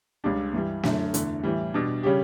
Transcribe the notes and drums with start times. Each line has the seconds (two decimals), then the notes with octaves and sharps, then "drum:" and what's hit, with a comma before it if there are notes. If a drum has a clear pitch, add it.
0.24 C#2 C#3 G3 D4 G4
0.53 G2 E3 G3
0.83 F#2 D3 A3, drum: snare
1.14 E2 D3 A3, drum: hi-hat
1.43 A2 E3 G3
1.74 B2 G3 D4
2.03 C#3 G3 C#4 G4